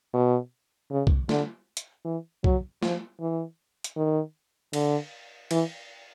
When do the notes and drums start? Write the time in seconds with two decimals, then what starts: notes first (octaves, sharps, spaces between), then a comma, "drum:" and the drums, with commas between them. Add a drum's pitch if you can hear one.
0.14 B2
0.91 C#3
1.07 drum: kick
1.29 D3, drum: snare
1.77 drum: hi-hat
2.05 E3
2.44 F#3, drum: kick
2.83 F3, drum: snare
3.20 E3
3.84 drum: hi-hat
3.97 D#3
4.73 D3, drum: cymbal
5.51 E3, drum: cymbal